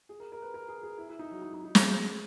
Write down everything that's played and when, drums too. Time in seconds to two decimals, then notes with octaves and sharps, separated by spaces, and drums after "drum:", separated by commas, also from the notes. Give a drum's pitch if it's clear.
0.09 G#4
0.20 A#4
0.32 A#4
0.42 B4
0.54 A#4
0.68 G#4
0.83 G#4
0.98 E4
1.09 E4
1.19 D#4
1.31 F#3
1.42 D#4
1.53 D#4
1.64 D#4
1.75 G#4, drum: snare
1.87 G#4